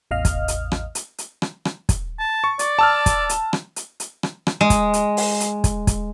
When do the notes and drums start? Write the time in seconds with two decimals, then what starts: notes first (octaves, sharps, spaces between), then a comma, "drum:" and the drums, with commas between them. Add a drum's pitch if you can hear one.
0.11 A1 E2 D#5 F5 F6
0.25 drum: kick, hi-hat
0.48 drum: hi-hat
0.72 drum: rim click
0.95 drum: hi-hat
1.18 drum: hi-hat
1.42 drum: rim click
1.65 drum: rim click
1.89 drum: kick, hi-hat
2.19 A5
2.44 C#6
2.59 D5, drum: hi-hat
2.79 A5 E6 F6
3.06 drum: kick, hi-hat
3.29 drum: hi-hat
3.53 drum: rim click
3.76 drum: hi-hat
4.00 drum: hi-hat
4.23 drum: rim click
4.47 drum: rim click
4.61 G#3
4.70 drum: kick, hi-hat
4.93 drum: hi-hat
5.17 drum: open hi-hat
5.40 drum: hi-hat
5.64 drum: kick, hi-hat
5.87 drum: kick, hi-hat